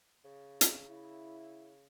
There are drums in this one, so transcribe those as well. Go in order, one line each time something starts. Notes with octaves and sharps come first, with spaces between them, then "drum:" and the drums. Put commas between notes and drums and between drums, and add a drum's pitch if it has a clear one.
C#3
drum: hi-hat
E4